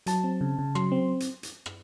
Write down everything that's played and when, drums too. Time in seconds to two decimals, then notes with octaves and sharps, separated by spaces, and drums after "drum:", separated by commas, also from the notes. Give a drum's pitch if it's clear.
0.06 F#3 A5, drum: hi-hat
0.24 C4
0.41 C#3
0.59 C#3
0.75 F#3 C6, drum: rim click
0.92 C4
1.20 drum: hi-hat
1.43 drum: hi-hat
1.66 drum: rim click